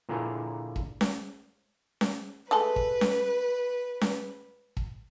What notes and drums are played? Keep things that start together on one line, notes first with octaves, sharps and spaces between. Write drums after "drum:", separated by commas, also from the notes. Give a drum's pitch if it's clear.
A#2 D3 A#3 E4 G#4 A#4
drum: kick
drum: snare C#4
drum: snare C#4
G#3 A3 A4 B4
drum: kick
drum: snare C#4
drum: snare C#4
drum: kick